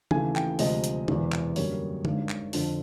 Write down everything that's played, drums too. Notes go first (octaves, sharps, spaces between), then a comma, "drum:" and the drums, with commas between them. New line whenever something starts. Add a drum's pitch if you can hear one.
D#2 C#3 E3 A3 G#5, drum: tom D#3
G5, drum: clap
D2 C3 F3 G#3 D#5, drum: open hi-hat
drum: hi-hat
E1 E2 C3 E3, drum: tom D3
drum: clap
F#2 D3 G3 A#3 C#5, drum: open hi-hat
G#1 G2 D#3, drum: tom D3
drum: clap
F2 D3 F3, drum: open hi-hat